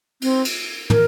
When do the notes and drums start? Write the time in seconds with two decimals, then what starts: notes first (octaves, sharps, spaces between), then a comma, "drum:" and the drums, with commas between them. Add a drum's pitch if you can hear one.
0.22 C4, drum: cymbal
0.45 drum: cymbal
0.90 A#4, drum: tom